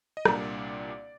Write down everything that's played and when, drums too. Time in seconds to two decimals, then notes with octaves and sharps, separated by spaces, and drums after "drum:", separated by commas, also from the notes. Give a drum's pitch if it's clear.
0.17 D#5
0.25 C2 A#2 G3 A#3 D4 D5, drum: rim click